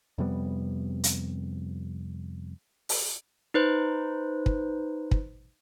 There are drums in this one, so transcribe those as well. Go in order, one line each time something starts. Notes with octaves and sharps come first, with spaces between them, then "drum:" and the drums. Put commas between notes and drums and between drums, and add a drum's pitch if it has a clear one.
F2 C3 G3 B3
drum: hi-hat
drum: open hi-hat
D#4 B4 C5
drum: kick
drum: kick